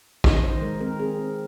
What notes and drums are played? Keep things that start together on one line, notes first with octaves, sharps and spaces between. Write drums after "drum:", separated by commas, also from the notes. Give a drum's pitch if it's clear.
D#4 D#5, drum: kick
D#3 C5
G#3 A#4
C4 A#4
C4 G#4
C4